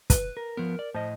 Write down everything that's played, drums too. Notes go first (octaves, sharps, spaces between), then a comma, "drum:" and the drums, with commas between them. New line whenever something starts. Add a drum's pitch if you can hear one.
B4, drum: kick, hi-hat
A#4
F3 B3 A#4
D5
A2 F3 D#5